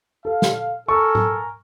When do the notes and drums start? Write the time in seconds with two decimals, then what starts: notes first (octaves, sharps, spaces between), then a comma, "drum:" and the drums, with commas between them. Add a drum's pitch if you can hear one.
0.25 A4 F5
0.42 drum: snare
0.88 A4 A#4 G#5 C#6
1.15 drum: tom G#2